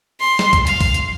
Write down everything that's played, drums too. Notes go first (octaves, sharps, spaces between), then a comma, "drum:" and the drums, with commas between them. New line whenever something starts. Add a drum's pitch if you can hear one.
C6
drum: snare
drum: kick C2, hi-hat
F5, drum: hi-hat
drum: kick C2, open hi-hat
drum: hi-hat